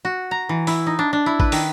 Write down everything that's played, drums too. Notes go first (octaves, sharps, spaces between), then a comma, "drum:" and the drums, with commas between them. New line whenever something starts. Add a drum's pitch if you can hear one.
F#4
A#5
E3
E4, drum: open hi-hat
D#4
D4
D4
E4
B4, drum: kick A1
D#3, drum: open hi-hat